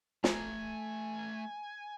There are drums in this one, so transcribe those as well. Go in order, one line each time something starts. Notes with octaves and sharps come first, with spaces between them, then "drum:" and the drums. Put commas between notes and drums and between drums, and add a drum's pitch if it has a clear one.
A3 G#5 A#5, drum: snare